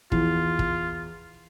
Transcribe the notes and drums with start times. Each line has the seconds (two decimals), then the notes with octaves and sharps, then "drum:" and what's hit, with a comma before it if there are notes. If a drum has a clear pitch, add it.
0.12 E2 F4, drum: kick
0.59 drum: kick